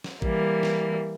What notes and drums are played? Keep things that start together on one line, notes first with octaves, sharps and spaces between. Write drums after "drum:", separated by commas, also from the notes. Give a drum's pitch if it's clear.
drum: snare
E3 G3 A#3, drum: kick G#1
drum: snare